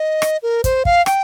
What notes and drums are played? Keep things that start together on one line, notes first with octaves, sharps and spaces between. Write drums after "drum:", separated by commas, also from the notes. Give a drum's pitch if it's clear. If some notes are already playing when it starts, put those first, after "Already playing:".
Already playing: D#5
drum: rim click
A#4
C5, drum: kick, hi-hat
F5, drum: kick
G5, drum: rim click